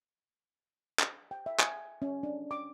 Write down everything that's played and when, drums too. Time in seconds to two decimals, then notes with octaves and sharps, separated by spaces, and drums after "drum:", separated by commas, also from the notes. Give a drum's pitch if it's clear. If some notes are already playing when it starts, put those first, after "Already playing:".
0.99 drum: clap
1.31 G5
1.46 E5
1.59 G#5, drum: clap
2.02 C#4
2.23 D4
2.51 D6